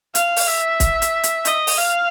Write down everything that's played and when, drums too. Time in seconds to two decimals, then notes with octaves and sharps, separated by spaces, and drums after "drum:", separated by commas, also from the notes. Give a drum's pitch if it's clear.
0.15 F5, drum: hi-hat
0.36 drum: open hi-hat
0.47 E5
0.80 drum: kick, hi-hat
1.02 drum: hi-hat
1.23 drum: hi-hat
1.45 D#5, drum: hi-hat
1.67 drum: open hi-hat
1.78 F5